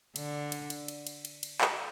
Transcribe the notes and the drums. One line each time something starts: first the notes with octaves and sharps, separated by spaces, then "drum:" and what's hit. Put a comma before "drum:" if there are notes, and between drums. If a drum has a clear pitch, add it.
D3, drum: cymbal
drum: cymbal
drum: cymbal
drum: cymbal
drum: cymbal
drum: cymbal
drum: cymbal
drum: clap